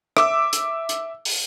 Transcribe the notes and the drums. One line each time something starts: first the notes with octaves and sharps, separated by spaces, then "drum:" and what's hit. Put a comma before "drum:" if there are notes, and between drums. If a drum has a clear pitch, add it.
E5 D6 E6, drum: rim click
drum: hi-hat
drum: hi-hat
drum: open hi-hat